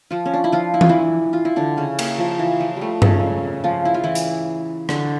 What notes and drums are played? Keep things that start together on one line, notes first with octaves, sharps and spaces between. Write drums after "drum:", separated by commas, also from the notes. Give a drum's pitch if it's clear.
F3 F4
C#4
D4
E4
F3 F4
E4
F4, drum: tom E3
E3 E4
F4
E4
D3 D4
C#3 C#4
A#3, drum: cymbal
F3
E3
F3
G3
A3
C#3 C#4, drum: tom G2
F3 F4
E4
F4
E3 E4
drum: hi-hat
D3 D4, drum: rim click